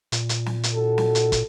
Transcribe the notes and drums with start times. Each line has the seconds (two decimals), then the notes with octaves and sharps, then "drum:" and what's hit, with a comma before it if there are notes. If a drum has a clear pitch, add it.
0.12 A#2, drum: hi-hat
0.29 drum: hi-hat
0.46 drum: snare
0.63 drum: hi-hat
0.73 D#2 F#4 A4
0.98 drum: snare
1.15 drum: hi-hat
1.32 drum: kick, hi-hat